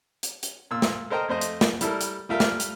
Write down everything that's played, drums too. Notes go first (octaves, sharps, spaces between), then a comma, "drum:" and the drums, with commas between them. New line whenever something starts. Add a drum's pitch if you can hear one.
drum: hi-hat
drum: hi-hat
A#2 E6
drum: snare
A4 A#4 C5 D#5 G5 A#5
F2 A3 C5 D#5
drum: hi-hat
drum: snare
G3 E4 A4 A#4, drum: hi-hat
drum: hi-hat
G3 A3 F4 A#4 E5
drum: snare
drum: hi-hat